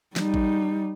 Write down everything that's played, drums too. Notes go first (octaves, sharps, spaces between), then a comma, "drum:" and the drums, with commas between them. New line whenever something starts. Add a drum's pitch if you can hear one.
G3 D#4, drum: snare
drum: kick A1